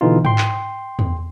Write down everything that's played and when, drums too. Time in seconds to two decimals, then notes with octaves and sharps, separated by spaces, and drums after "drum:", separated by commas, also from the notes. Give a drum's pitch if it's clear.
0.01 B2 D3 E3 D#4 F4
0.25 G5 C6, drum: tom G#2
0.38 drum: clap
0.99 drum: tom E2